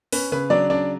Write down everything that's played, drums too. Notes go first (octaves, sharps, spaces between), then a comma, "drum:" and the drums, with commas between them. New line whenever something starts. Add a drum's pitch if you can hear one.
C#4 B4, drum: open hi-hat
C#3 B4
F#3 D4 D5
C#3 D4 D5